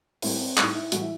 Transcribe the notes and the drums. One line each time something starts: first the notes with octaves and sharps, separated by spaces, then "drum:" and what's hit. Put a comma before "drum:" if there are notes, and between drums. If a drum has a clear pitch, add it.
A2 G3 C4, drum: open hi-hat
C4
A2 G3 D#4, drum: clap
E4
A2 E3 G3 F#4, drum: hi-hat
E4